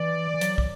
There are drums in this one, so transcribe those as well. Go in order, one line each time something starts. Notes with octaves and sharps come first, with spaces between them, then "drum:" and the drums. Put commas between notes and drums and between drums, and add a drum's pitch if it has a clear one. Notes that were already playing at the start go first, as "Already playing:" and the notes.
Already playing: E3 D5
E3
F#3, drum: hi-hat
drum: kick